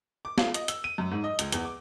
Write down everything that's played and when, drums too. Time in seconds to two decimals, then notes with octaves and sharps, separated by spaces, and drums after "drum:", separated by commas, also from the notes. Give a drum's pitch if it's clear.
0.25 D6
0.38 F4, drum: snare
0.54 D#5, drum: hi-hat
0.68 E6, drum: hi-hat
0.84 D#7
0.98 F#2
1.11 G#2
1.24 D#5
1.39 C#2, drum: hi-hat
1.52 E2, drum: hi-hat
1.65 D6